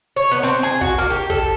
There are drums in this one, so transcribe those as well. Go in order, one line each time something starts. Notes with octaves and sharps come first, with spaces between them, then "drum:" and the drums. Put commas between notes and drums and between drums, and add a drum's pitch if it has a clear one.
C#5
B3
C4
G#4
F#4, drum: kick
A#3
G4
A4, drum: kick